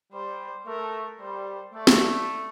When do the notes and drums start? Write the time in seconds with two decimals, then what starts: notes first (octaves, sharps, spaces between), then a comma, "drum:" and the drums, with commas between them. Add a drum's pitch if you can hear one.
0.13 G3 C5
0.66 A3 A#4
1.20 G3 C5
1.74 A3 D5
1.87 drum: snare